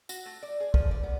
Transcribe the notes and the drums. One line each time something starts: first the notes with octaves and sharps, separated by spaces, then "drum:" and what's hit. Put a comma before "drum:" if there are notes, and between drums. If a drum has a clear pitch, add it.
F#4, drum: tambourine
A3
D5
G#4
F3, drum: kick
D5
B3